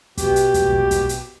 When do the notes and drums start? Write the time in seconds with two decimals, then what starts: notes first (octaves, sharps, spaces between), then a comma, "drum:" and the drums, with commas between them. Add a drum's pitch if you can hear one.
0.17 B2 G4, drum: kick, hi-hat
0.36 drum: hi-hat
0.54 drum: kick, hi-hat
0.72 drum: kick
0.91 drum: kick, hi-hat
1.09 drum: hi-hat